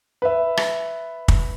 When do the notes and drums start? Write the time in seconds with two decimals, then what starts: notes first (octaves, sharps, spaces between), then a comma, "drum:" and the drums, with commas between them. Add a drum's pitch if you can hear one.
0.22 B4 E5
0.57 drum: rim click
1.28 drum: kick